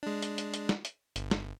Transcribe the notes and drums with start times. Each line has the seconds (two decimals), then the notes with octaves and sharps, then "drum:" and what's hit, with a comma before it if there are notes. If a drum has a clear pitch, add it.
0.03 G#3 D4
0.22 drum: hi-hat
0.38 drum: hi-hat
0.54 drum: hi-hat
0.69 drum: snare
0.85 drum: hi-hat
1.16 G1, drum: hi-hat
1.31 drum: snare